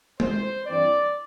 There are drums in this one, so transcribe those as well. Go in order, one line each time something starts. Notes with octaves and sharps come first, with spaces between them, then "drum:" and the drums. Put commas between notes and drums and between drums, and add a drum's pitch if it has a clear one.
C2 C3 E3 C5, drum: tom G#3
G2 E3 A3 C4 D5